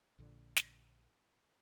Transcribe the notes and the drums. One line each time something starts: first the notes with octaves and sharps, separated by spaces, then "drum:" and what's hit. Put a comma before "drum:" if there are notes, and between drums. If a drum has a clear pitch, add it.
A#1 A#2 D3
drum: snare